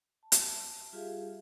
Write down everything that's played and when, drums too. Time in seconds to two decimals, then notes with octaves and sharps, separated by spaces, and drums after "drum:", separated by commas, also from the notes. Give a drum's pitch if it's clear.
0.23 A5
0.32 drum: hi-hat
0.93 G3 F4 G4 G#4 E5 F5